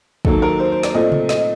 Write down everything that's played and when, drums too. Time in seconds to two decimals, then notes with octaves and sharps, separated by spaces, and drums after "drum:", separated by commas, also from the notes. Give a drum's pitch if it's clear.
0.25 D#2 D#3 F#3 A#3 A4, drum: kick
0.42 A#4
0.60 C5
0.72 C5
0.83 D5, drum: snare
0.94 A#2 A3 C4 D#5
1.12 drum: tom C3
1.29 D#5, drum: snare